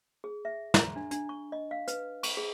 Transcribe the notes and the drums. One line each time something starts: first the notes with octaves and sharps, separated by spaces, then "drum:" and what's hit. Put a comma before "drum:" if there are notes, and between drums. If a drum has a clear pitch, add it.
G#4
E5
A#5, drum: snare
D4
D4, drum: hi-hat
C#6
D#5
F5
B4, drum: hi-hat
C#6, drum: cymbal
G#4